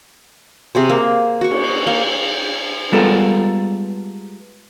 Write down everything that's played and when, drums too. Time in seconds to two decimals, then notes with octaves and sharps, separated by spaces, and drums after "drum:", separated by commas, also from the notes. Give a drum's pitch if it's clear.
0.75 C3 G#4 C5
0.89 A#3
1.41 F#4 C#6
1.51 drum: cymbal
1.87 A#3 F5
2.93 G3 G#3 B3 F4 A4 A#4